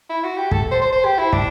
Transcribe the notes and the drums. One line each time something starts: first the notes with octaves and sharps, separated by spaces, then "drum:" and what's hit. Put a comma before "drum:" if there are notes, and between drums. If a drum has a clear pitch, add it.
E4
F#4
G4
A4, drum: kick
C5
C5
C5
G4
E4
D4, drum: kick